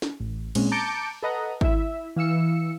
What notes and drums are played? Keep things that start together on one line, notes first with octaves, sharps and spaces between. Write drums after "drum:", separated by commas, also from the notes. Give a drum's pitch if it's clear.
drum: snare
A1
A#2 G#3 C4 C#4, drum: cymbal
A5 A#5 D6 G6 C#7 D7
A4 B4 D#5 F#5 A#5
E4 E5, drum: kick G#1
E3 F5 E6 C#7